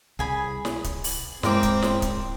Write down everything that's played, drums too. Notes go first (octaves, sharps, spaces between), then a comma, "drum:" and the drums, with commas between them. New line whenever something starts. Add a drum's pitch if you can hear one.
C2 G#4 G#5 B5
drum: snare
drum: kick D1, hi-hat
drum: open hi-hat
G2 G#3 C4 E4 A#4 D6, drum: snare
drum: kick D1, hi-hat
drum: snare
drum: kick D1, hi-hat